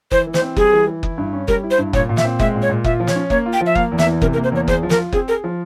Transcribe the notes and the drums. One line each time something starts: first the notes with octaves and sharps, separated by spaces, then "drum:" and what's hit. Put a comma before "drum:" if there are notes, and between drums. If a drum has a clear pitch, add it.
E3 C5, drum: kick F#1
E3
C5, drum: snare
C4
G3 G#4, drum: kick F#1
E3
E3
E4, drum: kick F#1
G2
C#4
G3 A#4, drum: kick F#1
E4
C5
G2
A#2 C#5, drum: kick F#1
A#2
E5, drum: snare
C4
G#3 E5, drum: kick F#1
A#2
C#5
A#2
F4 E5, drum: kick F#1
F3
C#5, drum: snare
C#4
A#3 C#5, drum: kick F#1
F4
G5
F3
E5
A#3 F5, drum: kick F#1
E2
E5, drum: snare
E3
C3 A#4, drum: kick F#1
A#4
A#3
C5
E2 C#5
G#4 C5, drum: kick F#1
F3
A#4, drum: snare
F4
C4 G#4, drum: kick F#1
G#4 A#4
F3